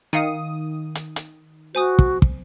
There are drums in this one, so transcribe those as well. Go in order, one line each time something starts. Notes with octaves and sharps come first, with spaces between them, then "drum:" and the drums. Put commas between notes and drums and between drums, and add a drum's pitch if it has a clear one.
D#3 F5 D#6 C#7 D#7
drum: hi-hat
drum: hi-hat
F#4 C5 G#5 D#6
drum: kick
drum: kick